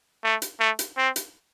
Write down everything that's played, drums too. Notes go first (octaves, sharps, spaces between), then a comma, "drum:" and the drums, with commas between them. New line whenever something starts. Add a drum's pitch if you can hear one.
A3
drum: hi-hat
A3
drum: hi-hat
C4
drum: hi-hat